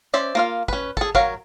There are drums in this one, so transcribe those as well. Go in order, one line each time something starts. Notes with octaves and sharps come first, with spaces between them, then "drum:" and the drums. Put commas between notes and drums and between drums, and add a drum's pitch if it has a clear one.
C#4 C5 D5 E5
A#3 F4 F5
C#4 B4, drum: kick
G#4 A4, drum: kick
F#3 A#4 C#5 F5, drum: kick